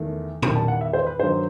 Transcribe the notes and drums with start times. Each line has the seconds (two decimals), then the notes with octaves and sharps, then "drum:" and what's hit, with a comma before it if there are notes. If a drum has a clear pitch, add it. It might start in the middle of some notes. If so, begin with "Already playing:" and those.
Already playing: E2 D#3 A3
0.42 E2 D#3 G3 B5, drum: tom A#2
0.55 A5
0.68 F#5
0.81 E5
0.93 C5
1.07 B4
1.19 G2 D#3 F#3 C5